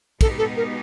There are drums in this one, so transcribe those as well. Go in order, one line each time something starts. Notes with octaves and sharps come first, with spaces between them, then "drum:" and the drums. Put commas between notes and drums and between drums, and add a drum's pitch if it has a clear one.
B2 G#3 B3 D#4 G4 A4, drum: kick, cymbal
A4
A#4